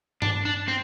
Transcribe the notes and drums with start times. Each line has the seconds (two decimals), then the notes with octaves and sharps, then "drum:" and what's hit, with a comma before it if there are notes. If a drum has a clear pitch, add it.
0.22 D4, drum: tom G2
0.45 D4
0.68 C4